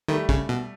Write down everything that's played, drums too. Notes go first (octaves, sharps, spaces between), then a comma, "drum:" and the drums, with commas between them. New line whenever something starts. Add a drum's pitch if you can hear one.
D#3 G3 A3
C#3, drum: kick
B2